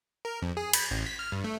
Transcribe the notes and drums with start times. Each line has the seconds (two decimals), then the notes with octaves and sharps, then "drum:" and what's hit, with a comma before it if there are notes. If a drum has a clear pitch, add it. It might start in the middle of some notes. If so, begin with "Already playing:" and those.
0.25 A#4
0.42 F2
0.57 G#4
0.73 B5, drum: cymbal
0.91 A1
1.06 B6
1.19 F6
1.32 G2
1.44 A3